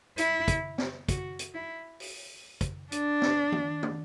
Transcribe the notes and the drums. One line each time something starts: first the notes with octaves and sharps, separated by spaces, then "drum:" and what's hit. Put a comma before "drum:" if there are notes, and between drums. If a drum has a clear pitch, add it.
E4, drum: hi-hat
drum: kick, hi-hat
drum: snare
F#4, drum: kick, hi-hat
drum: hi-hat
E4
drum: open hi-hat
drum: kick, hi-hat
D4, drum: hi-hat
drum: snare
drum: tom D#3
drum: tom